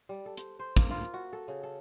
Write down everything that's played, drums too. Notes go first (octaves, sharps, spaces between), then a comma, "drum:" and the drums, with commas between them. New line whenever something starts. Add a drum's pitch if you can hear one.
G3
A4
C5, drum: hi-hat
C5
A#3, drum: kick, hi-hat
F4
F#4
A4
C#3
A4